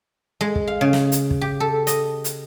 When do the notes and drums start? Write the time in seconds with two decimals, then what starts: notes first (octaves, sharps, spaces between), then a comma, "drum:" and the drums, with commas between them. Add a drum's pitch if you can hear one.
0.41 G#3
0.55 drum: kick
0.68 F5
0.81 C#3
0.93 drum: snare
1.12 drum: hi-hat
1.31 drum: kick
1.41 G4
1.60 A4
1.87 D#5, drum: hi-hat
2.24 drum: hi-hat